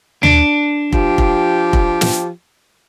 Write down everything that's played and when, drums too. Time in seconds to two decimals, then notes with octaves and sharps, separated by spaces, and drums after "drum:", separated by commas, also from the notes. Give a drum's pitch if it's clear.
0.23 D4, drum: tom D#2
0.93 F3 G4, drum: kick F1
1.18 drum: kick F1
1.73 drum: kick F1
2.01 drum: snare